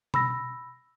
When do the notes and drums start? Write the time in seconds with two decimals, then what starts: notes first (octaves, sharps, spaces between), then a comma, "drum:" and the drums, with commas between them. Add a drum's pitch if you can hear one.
0.14 B5 E6 A#6, drum: tom B2